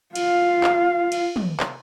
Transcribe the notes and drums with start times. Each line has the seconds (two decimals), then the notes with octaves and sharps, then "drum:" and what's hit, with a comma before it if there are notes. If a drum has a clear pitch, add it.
0.15 F4 F5, drum: cymbal
0.64 drum: clap
1.12 drum: cymbal
1.36 drum: tom
1.60 drum: clap